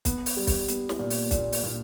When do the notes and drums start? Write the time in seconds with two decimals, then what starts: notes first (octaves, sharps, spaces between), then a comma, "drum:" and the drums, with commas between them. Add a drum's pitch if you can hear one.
0.05 B3, drum: kick, hi-hat
0.26 drum: open hi-hat
0.36 G3
0.47 drum: kick, open hi-hat
0.68 B3, drum: hi-hat
0.89 drum: snare
0.99 A#2
1.10 drum: open hi-hat
1.31 A#2, drum: kick, hi-hat
1.52 drum: open hi-hat
1.63 A#2